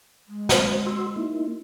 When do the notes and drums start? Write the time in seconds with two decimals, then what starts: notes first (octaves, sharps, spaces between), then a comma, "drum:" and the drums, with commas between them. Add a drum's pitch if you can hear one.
0.28 G#3
0.49 drum: snare
0.87 F#4 C6 E6
1.16 A#3 D#4 E4